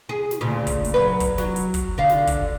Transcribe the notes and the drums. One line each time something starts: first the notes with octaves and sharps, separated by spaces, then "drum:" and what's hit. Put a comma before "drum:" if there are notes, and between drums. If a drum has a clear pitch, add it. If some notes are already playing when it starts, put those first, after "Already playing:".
G#4
drum: snare
D2 A#2 C#3
drum: kick, hi-hat
drum: hi-hat
F#3 B4
drum: kick, hi-hat
F#3, drum: snare
drum: hi-hat
drum: kick, hi-hat
D3 F5
drum: snare
drum: kick, hi-hat